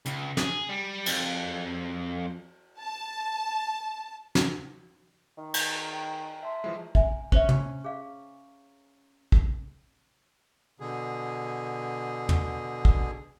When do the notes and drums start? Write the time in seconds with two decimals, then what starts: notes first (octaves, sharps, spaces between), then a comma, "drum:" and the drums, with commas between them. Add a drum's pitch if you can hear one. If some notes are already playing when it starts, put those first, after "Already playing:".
0.06 C#2, drum: hi-hat
0.37 G#4, drum: snare
0.69 G3
1.06 F2, drum: cymbal
2.80 A5
4.35 drum: snare
5.38 D#3
5.54 drum: cymbal
5.93 G5
6.43 E5 A5 C6
6.64 E3 F3 G#3 E4
6.95 E5 G#5, drum: kick
7.32 C#4 C5 E5, drum: kick
7.49 drum: tom
7.84 G#4 F5
9.32 drum: kick
10.80 B2 D3 G#4
12.29 drum: tom
12.85 drum: kick